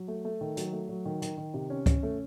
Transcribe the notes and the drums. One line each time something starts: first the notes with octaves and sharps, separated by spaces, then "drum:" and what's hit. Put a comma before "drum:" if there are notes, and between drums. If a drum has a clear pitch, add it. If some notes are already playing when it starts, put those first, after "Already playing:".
Already playing: F#3
A3
A3
D#3
F#3, drum: hi-hat
A3
F#3
D#3
D#3, drum: hi-hat
D#3
C3
C#4
C#4, drum: kick C#2, hi-hat
A3